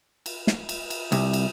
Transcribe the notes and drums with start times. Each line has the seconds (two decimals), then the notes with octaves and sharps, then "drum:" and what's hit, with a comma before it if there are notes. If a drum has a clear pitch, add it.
0.26 drum: cymbal
0.47 drum: snare
0.69 drum: cymbal
0.90 drum: cymbal
1.12 C2, drum: cymbal
1.33 drum: cymbal